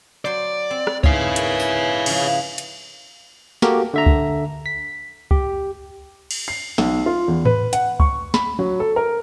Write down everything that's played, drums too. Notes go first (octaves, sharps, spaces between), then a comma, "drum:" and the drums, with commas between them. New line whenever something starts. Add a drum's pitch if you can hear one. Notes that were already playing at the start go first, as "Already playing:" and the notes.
F#3 C5 D5 C6
C4
drum: rim click
G#2 E4 B4 C#5 F5 C6, drum: kick C#2
A#4, drum: hi-hat
drum: tambourine
C#3 F3, drum: cymbal
drum: hi-hat
A#3 F#4 G4 A4 A#4, drum: snare
D3 E5 A#5
drum: kick C#2
B6
G4, drum: kick C#2
drum: cymbal
C7
B1, drum: snare
F4
E2
B4, drum: tom G#2
F#5, drum: hi-hat
C#6, drum: kick C#2
B5, drum: snare
F#3
A4
A#4